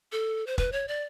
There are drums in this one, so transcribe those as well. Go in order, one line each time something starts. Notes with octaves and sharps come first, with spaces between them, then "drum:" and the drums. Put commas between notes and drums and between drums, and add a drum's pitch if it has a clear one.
A4
C5
B4, drum: kick
C#5
D5